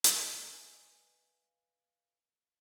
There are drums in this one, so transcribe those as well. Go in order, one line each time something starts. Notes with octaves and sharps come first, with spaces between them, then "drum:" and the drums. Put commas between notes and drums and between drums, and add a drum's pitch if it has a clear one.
B4 D#5 F5 G#5, drum: hi-hat